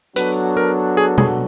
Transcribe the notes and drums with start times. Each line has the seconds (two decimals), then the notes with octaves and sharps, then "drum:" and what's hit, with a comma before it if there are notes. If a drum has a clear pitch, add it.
0.16 F#3 B3 D4 F#4 A4 B4, drum: hi-hat
0.57 A#4
0.97 G#4
1.18 G#4, drum: tom B2